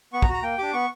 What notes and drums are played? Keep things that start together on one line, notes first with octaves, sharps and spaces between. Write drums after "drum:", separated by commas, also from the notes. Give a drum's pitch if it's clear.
B3 C#6
A#5, drum: kick
F#4
A#5
A#3 G5
D4 G4 D6
B3 C#6